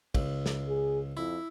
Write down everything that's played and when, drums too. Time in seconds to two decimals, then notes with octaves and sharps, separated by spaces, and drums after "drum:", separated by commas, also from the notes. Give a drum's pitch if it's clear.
0.15 C#2, drum: kick, cymbal
0.46 drum: snare
0.69 G#4
1.17 F2 E4